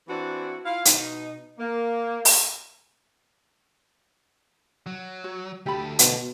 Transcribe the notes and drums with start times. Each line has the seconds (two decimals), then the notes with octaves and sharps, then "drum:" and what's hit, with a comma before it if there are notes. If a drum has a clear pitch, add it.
0.08 E3 C4 D4 E4 F#4
0.65 E4 F4 F5
0.85 B2 D#4, drum: hi-hat
1.59 A#3
2.25 drum: open hi-hat
4.86 F#3
5.24 F#4 C#5
5.66 D2 G4 A4 B5
5.99 B2, drum: hi-hat